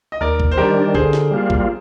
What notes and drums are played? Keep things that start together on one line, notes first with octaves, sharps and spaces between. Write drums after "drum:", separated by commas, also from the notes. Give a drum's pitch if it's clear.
D#5
D#2 A#4 D5
drum: kick A1
C5
D#3 G3 D4 G4 A#4
D3 G#4 C5, drum: kick A1
drum: snare
G3 A#3 F4
drum: kick A1